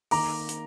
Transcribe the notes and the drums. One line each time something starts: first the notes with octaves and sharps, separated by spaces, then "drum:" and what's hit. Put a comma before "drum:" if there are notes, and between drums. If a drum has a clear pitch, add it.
D#3 A#3 A#5 D6, drum: open hi-hat
drum: hi-hat